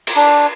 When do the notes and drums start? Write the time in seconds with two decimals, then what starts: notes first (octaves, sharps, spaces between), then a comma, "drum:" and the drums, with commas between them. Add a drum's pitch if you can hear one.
0.07 drum: cymbal
0.16 D4